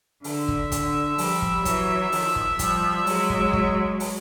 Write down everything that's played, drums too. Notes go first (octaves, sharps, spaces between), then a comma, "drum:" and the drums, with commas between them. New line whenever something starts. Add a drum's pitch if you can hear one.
D3 E5, drum: open hi-hat
drum: kick
D3, drum: kick, hi-hat
F3 G3, drum: open hi-hat
drum: kick
E3 F#3, drum: kick, hi-hat
D#3 F3, drum: open hi-hat
drum: kick
F3 G3, drum: kick, hi-hat
F#3 G#3, drum: open hi-hat
drum: kick
drum: kick
drum: open hi-hat